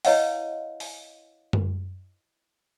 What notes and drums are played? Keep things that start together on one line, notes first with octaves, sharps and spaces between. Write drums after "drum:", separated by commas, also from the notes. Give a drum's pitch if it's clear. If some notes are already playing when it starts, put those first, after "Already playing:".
E4 B4 C#5 D#5 F5 F#5, drum: open hi-hat
drum: open hi-hat
drum: tom F#2